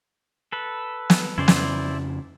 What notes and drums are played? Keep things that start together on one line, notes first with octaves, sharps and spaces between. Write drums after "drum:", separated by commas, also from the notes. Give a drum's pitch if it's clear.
A4 B4
drum: snare
F2 C#3 C#4 E4 C5 D5
drum: snare